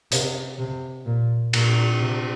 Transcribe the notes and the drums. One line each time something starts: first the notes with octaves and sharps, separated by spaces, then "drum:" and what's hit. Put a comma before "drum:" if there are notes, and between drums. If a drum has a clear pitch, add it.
C3, drum: hi-hat
C3
A#2
A#2, drum: cymbal
C3